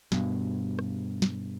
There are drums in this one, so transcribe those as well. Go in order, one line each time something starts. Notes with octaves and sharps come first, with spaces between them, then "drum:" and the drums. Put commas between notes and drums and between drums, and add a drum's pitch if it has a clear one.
G2 B2, drum: snare
drum: rim click
drum: snare